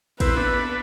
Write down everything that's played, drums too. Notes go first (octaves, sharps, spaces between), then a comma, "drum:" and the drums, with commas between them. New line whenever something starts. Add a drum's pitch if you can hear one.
C4 E4 B4, drum: kick, cymbal
B3 D4
B3 D4